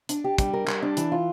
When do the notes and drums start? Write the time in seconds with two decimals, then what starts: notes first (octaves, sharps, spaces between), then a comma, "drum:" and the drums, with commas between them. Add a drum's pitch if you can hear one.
0.09 D4, drum: hi-hat
0.24 G4
0.38 G3, drum: kick, hi-hat
0.53 A#4
0.68 G3, drum: clap
0.82 D4
0.97 E3, drum: hi-hat
1.12 F4